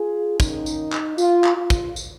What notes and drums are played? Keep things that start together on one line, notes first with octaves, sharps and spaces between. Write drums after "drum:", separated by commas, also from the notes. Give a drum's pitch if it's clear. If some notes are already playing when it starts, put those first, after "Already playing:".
Already playing: F4 G#4
D#3 A#3 C#4 D#4, drum: kick, tambourine
drum: tambourine
drum: clap
F4, drum: tambourine
drum: clap
F4
drum: kick, tambourine
drum: tambourine